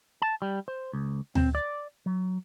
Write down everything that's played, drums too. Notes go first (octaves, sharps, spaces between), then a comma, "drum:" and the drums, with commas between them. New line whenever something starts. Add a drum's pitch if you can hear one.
A5
G3
C5
C#2
C4, drum: tom D2
D5
F#3